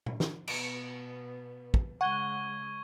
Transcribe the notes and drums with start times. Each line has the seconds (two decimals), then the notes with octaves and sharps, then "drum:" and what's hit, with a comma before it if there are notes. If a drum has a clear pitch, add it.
0.06 drum: tom A#2
0.20 drum: snare
0.48 B2 B3 C#7 D7, drum: cymbal
1.74 drum: kick
2.01 C#3 G#3 F#5 C#6 G#6 G7